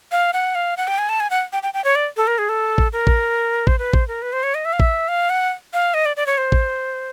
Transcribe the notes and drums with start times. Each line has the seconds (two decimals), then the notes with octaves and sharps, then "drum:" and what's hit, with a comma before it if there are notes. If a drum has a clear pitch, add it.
0.12 F5
0.33 F#5
0.55 F5
0.77 F#5
0.88 G5
0.98 G#5
1.09 A5
1.20 G#5
1.30 F#5
1.53 G5
1.63 G5
1.74 G5
1.84 C#5
1.96 D5
2.17 A4
2.27 A#4
2.38 G#4
2.49 A4
2.78 drum: kick
2.93 A#4
3.07 drum: kick
3.67 C5, drum: kick
3.79 B4
3.93 C5, drum: kick
4.08 A#4
4.22 B4
4.33 C5
4.43 C#5
4.55 D#5
4.65 E5
4.73 F5
4.80 E5, drum: kick
5.08 F5
5.30 F#5
5.73 F5
5.94 D#5
6.05 D5
6.17 D5
6.27 C#5
6.38 C5
6.52 drum: kick